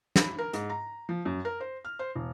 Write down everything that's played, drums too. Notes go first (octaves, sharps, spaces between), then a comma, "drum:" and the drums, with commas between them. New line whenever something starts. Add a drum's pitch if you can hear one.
B5, drum: snare
A#4
G#2, drum: hi-hat
A#5
F3
F#2
A#4
C5
F6
C5
E1